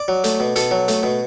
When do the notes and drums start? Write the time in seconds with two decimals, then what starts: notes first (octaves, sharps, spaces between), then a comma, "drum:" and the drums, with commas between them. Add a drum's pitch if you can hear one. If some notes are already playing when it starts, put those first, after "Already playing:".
Already playing: D5
0.08 F#3
0.24 A3, drum: hi-hat
0.40 B2
0.56 B2 A4, drum: hi-hat
0.71 F#3
0.88 A3, drum: hi-hat
1.03 B2